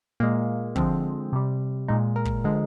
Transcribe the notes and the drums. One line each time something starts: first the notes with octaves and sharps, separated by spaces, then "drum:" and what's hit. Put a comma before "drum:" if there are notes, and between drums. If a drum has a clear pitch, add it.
A#2 G#3 A#3
D3 F3 G#3 C4, drum: kick
C3 G3
A#2 G#3 D#4
A#4
drum: kick
D3 F3 G#3